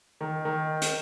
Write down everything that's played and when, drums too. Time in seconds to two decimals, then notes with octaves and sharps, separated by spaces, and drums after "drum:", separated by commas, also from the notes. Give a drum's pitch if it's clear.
0.21 D#3
0.45 D#3
0.82 drum: hi-hat